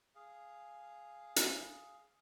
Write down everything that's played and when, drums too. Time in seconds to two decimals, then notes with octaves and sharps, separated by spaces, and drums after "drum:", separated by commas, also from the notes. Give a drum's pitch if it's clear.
0.15 G#4 F5
1.36 drum: hi-hat